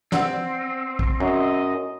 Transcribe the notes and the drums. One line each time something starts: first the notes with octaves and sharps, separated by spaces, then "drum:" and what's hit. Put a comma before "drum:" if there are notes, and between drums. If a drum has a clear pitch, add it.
C4 D5 F#5 E6, drum: snare
drum: kick
F#2 D#5